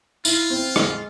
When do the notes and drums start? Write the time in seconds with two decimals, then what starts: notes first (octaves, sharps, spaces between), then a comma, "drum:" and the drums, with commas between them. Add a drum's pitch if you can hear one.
0.25 E4 F4, drum: tambourine
0.50 C4
0.76 G#3, drum: rim click